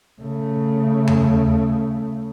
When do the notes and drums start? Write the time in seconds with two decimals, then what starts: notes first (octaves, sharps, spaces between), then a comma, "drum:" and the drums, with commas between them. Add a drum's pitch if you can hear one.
0.21 C#3 A3
1.08 drum: tom E2